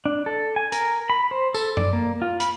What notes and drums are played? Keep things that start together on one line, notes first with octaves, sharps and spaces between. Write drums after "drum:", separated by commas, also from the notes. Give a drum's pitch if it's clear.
D4
A4
G#5
A#4, drum: hi-hat
B5
C5
A4, drum: tambourine
D5, drum: tom F#2
A#3
F4
B5, drum: hi-hat